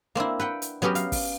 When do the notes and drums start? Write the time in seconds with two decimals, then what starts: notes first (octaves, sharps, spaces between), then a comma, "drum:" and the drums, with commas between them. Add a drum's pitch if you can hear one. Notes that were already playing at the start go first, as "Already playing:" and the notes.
0.15 A#3 C4 D4 E4
0.40 B4 F#5 G5
0.62 drum: hi-hat
0.82 F#3 B3 C#4 G4 A#4
0.95 F5, drum: hi-hat
1.12 drum: kick, open hi-hat